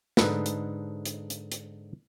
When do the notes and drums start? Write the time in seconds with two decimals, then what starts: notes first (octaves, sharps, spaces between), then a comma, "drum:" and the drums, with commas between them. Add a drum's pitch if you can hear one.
0.17 G#2 D3 D#4 A4 B4, drum: snare
0.46 drum: hi-hat
1.06 drum: hi-hat
1.30 drum: hi-hat
1.52 drum: hi-hat